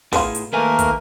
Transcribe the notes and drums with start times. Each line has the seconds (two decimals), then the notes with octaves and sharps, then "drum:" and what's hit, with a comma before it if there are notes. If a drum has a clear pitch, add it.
0.13 A2 B3 E4 F4 G#4, drum: kick, open hi-hat
0.35 drum: hi-hat
0.53 D#2 A3 A#3 A#4 B4 G#5
0.79 drum: kick, hi-hat